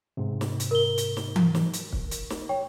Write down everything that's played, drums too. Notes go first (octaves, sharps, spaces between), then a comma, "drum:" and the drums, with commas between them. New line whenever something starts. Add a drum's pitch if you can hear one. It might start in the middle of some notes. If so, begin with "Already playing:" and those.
G#2 C3
drum: snare
drum: hi-hat
A#4 G7
drum: hi-hat
drum: snare
drum: tom E3
drum: snare
drum: hi-hat
drum: kick
drum: hi-hat
drum: snare
C#5 G5